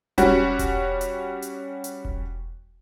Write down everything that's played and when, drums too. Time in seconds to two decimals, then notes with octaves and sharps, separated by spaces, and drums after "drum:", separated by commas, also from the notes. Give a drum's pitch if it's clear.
0.18 G3 C#4 F#4, drum: kick E1, hi-hat
0.59 drum: kick E1, hi-hat
1.01 drum: hi-hat
1.42 drum: hi-hat
1.84 drum: hi-hat
2.05 drum: kick E1